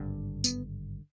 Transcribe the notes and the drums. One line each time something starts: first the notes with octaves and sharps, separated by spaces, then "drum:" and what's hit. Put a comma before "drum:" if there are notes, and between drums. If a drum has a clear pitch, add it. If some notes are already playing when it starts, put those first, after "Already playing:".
Already playing: G#1 G2 D3
B3, drum: tambourine